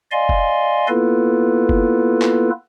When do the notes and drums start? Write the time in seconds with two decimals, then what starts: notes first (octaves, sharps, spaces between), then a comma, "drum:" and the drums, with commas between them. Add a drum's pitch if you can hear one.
0.12 D5 D#5 F5 G#5 C6
0.29 drum: kick F#1
0.88 A#3 B3 E4 F4 A4 B4
1.69 drum: kick F#1
2.22 drum: clap